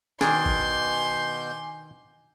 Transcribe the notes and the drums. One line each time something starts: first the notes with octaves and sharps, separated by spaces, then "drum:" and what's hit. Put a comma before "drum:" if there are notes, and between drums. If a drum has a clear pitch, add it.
B2 D#3 D4 G#5 C6 D6 G6, drum: snare
drum: kick G#1